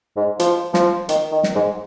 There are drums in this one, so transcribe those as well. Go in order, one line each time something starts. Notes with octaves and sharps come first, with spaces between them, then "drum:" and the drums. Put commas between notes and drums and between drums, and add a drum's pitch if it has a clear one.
G#2
F3, drum: hi-hat
F3, drum: snare
D#3, drum: hi-hat
D#3
drum: snare
G#2